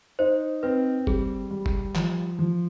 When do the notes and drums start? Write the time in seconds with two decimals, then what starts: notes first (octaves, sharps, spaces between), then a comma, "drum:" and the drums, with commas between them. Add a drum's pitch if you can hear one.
0.19 D#4 C5
0.63 C4 B4
1.07 G3 G#4, drum: kick
1.51 G3
1.66 drum: kick
1.95 F3, drum: clap
2.39 F3